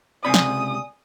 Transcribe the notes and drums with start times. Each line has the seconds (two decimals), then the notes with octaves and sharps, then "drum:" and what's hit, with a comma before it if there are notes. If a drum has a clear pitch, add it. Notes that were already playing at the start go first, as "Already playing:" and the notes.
0.25 C#2 C3 D5 G#5 B5 D#6
0.34 drum: snare